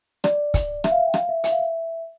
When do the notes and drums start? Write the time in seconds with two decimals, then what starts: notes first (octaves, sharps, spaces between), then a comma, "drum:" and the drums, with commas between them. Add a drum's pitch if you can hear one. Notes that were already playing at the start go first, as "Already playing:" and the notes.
0.24 D5, drum: rim click
0.54 drum: kick, hi-hat
0.84 E5, drum: rim click
0.91 F5
0.98 E5
1.08 G5
1.14 F5, drum: rim click
1.29 E5
1.44 E5, drum: hi-hat
1.51 F5
1.59 E5